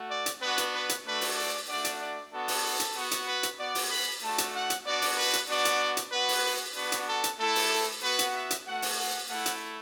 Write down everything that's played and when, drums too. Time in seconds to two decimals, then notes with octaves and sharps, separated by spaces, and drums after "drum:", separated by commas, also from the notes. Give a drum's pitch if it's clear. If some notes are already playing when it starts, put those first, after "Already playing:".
Already playing: A3 F#4
0.10 D5
0.26 drum: hi-hat
0.41 B3 D4 F#4 B4
0.58 drum: hi-hat
0.74 B4
0.89 drum: hi-hat
1.05 A3 D4 F#4 B4
1.21 drum: open hi-hat
1.37 D5
1.69 A3 D4 F#4 D5
1.85 drum: hi-hat
2.00 D5
2.32 B3 D4 F#4 A4
2.48 drum: open hi-hat
2.80 drum: hi-hat
2.95 B3 F#4
3.11 drum: hi-hat
3.27 B4
3.43 drum: hi-hat
3.59 B3 F#4 D5
3.75 drum: open hi-hat
3.91 B5
4.22 A3 D4 F#4 A5
4.38 drum: hi-hat
4.55 F#5
4.70 drum: hi-hat
4.85 B3 D4 F#4 D5
5.02 drum: open hi-hat
5.18 B4
5.33 drum: hi-hat
5.49 B3 D4 F#4 D5
5.65 drum: hi-hat
5.97 drum: hi-hat
6.12 B3 F#4 B4
6.29 drum: open hi-hat
6.76 B3 D4 F#4 B4
6.92 drum: hi-hat
7.08 A4
7.24 drum: hi-hat
7.39 A3 E4 A4
7.55 drum: open hi-hat
8.03 B3 F#4 B4
8.19 drum: hi-hat
8.35 E5
8.51 drum: hi-hat
8.67 A3 F#4 F#5
8.82 drum: open hi-hat
8.99 F#5
9.29 A3 F#5
9.34 E4
9.46 drum: hi-hat